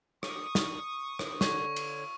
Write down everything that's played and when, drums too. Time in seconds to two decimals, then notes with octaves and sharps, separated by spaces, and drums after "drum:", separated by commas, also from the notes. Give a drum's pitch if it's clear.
0.23 C#6 D#6, drum: rim click
0.55 drum: snare
1.19 drum: rim click
1.41 D3 C#5 C#6, drum: snare
1.76 drum: cymbal